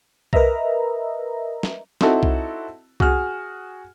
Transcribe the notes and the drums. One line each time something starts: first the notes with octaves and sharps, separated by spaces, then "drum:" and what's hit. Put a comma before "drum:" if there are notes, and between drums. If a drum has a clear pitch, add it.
A#4 B4 D#5 E5 A#5, drum: kick C2
drum: snare
C4 D#4 E4 F#4 A4, drum: snare
drum: kick C2
F#4 G#4 F6, drum: kick C2